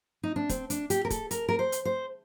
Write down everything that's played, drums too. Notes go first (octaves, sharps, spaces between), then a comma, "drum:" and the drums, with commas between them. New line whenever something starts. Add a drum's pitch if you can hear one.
D#4
D4
C4, drum: kick, hi-hat
D4, drum: hi-hat
G4, drum: hi-hat
A#4
A4, drum: kick, hi-hat
A#4, drum: hi-hat
A#4
C5
drum: hi-hat
C5